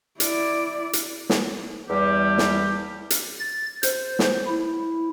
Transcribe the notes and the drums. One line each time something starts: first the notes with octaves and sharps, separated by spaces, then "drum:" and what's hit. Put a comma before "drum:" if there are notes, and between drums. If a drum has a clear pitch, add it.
E4 D5, drum: hi-hat
drum: hi-hat
drum: snare
E2 G3 G4
drum: snare
drum: hi-hat
A6
C5, drum: hi-hat
drum: snare
E4